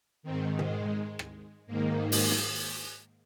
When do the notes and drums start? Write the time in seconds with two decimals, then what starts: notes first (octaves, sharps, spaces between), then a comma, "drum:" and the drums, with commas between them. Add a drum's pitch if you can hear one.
0.23 G#2 D#3 C4
0.59 G#3, drum: tom
1.19 drum: rim click
1.67 G#2 D#3 A#3
2.12 drum: open hi-hat
2.31 drum: snare